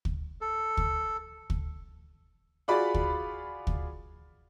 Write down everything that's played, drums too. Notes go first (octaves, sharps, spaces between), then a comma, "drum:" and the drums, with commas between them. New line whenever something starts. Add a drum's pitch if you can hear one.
drum: kick
A4
drum: kick
drum: kick
F4 F#4 G#4 D5 B5
drum: kick
drum: kick